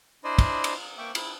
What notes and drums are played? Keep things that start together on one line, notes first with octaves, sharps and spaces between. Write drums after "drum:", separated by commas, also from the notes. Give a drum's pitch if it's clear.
D4 E4 C5 D5 D#5 C6
drum: kick, cymbal
drum: cymbal
A#3 E5 G5 C#6 D6
E4, drum: cymbal